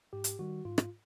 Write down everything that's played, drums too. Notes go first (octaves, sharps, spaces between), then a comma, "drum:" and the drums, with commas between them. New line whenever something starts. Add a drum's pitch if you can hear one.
G#2 G4
drum: hi-hat
D#3 G3 F#4
G#2 F4
drum: rim click